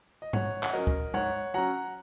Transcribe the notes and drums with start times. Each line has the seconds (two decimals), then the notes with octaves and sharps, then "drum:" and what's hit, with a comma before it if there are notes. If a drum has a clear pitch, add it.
0.22 D#5
0.33 G#2 C#5 F#5, drum: tom G#2
0.63 F#5, drum: clap
0.73 F#3 C#4 A#4 D#5
0.87 drum: kick D2
1.14 G#2 C#5 F#5
1.54 F#3 C#4 F#5 A#5